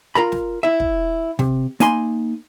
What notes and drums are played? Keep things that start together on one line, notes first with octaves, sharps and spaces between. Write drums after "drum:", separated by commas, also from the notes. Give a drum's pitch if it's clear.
F4 A#4 A#5 B5, drum: rim click
drum: snare
E4 E5
drum: kick
C3, drum: snare
A#3 D#4 G#5 B5 C6, drum: hi-hat